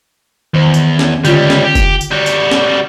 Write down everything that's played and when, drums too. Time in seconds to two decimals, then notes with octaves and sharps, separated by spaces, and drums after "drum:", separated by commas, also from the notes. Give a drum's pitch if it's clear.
0.54 E2 D#3 C5
0.74 drum: tambourine
0.99 drum: snare
1.25 C#2 D3 G3 F4, drum: tambourine
1.50 drum: snare
1.64 G4
1.75 drum: kick, tambourine
2.01 drum: tambourine
2.11 G3 F#4
2.26 drum: tambourine
2.51 drum: snare